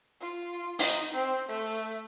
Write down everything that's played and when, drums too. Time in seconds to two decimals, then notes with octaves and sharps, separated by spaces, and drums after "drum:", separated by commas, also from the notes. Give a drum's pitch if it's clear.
0.21 F4
0.79 D#4, drum: open hi-hat
1.14 C4
1.48 A3